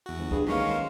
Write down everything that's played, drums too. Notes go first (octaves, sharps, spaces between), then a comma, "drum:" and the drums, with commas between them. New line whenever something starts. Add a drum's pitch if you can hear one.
E2 F#4
G1
G2 G#4, drum: kick C#2
D#3 F#3 G#3 A#3 C#4 B4 C#5 F5
C5